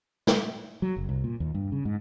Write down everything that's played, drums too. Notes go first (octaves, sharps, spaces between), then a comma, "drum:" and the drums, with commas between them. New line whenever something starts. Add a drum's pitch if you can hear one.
drum: snare
F#3
F#1
C2
A#2
D#2
G2
C#3
G#2